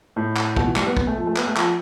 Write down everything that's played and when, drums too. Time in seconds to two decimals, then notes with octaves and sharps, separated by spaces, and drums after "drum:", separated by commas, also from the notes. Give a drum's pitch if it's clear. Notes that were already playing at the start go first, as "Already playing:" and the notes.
0.16 A2
0.36 drum: clap
0.56 B2, drum: kick
0.67 E3
0.76 G3, drum: clap
0.87 B3
0.97 B3, drum: kick
1.07 A3
1.17 F3
1.27 A3
1.37 B3, drum: clap
1.47 A3
1.57 F3, drum: clap